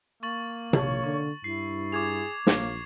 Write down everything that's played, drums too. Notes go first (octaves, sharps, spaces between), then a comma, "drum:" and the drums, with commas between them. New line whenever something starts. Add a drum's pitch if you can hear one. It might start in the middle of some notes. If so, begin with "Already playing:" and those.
A#3 C#6 A6 F#7
A#1 C#5, drum: tom C3
D3 C#6
G2 E4 C7
G#4 D6 G#6 F7
A#1 A#3 C#5, drum: snare